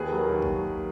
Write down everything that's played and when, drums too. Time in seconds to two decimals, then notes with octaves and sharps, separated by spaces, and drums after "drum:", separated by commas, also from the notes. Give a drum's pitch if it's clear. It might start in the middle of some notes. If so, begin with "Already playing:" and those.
Already playing: D#2 G#4 B4
0.12 F#3
0.18 A#4
0.29 D#2
0.42 drum: kick